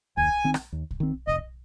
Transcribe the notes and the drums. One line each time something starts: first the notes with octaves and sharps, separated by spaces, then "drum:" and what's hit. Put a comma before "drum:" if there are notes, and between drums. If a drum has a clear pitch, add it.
D#2 G#5, drum: kick
D#3 C4
drum: rim click
D#2
drum: kick
D#3 C4
F1 D#5, drum: kick